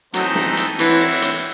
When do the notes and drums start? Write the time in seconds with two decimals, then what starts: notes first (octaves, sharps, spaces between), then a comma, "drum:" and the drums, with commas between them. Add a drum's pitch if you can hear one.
0.14 E3 F#3 C4 D#4 A4 D#5, drum: hi-hat
0.35 drum: snare
0.57 drum: hi-hat
0.79 E3 C4 F#4 C#5 E5, drum: hi-hat
1.00 drum: open hi-hat
1.22 drum: hi-hat